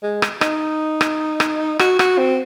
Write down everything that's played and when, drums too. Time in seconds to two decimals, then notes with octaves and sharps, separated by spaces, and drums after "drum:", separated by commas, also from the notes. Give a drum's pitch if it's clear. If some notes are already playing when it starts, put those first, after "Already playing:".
0.03 G#3
0.22 drum: rim click
0.41 D#4, drum: rim click
1.01 drum: rim click
1.40 drum: rim click
1.79 F#4, drum: rim click
1.99 F#4, drum: rim click
2.18 C4